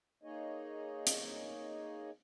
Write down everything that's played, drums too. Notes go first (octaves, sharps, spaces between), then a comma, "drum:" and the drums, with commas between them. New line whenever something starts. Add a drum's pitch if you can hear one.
A#3 D#4 G#4 C#5 D#5
drum: hi-hat